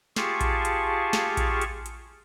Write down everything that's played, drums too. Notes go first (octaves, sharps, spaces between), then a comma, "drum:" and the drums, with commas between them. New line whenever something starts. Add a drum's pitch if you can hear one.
F4 G4 G#4 F5 A5 C#6, drum: snare
drum: kick A#1, hi-hat
drum: hi-hat
drum: snare
drum: kick A#1, hi-hat
drum: hi-hat
drum: hi-hat